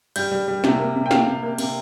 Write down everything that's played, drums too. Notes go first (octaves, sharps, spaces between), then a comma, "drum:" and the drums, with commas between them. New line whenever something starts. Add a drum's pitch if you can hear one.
G3 G6, drum: cymbal
G3
G3
C3, drum: snare
A#3
C3
G5
A#3 F5, drum: snare
C3
A#3
C3, drum: cymbal